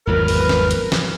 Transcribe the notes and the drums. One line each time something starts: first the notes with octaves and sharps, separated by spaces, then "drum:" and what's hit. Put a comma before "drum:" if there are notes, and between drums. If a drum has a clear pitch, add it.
G#1 E2 F#3 A#4 B4
drum: open hi-hat
drum: snare
drum: hi-hat
drum: snare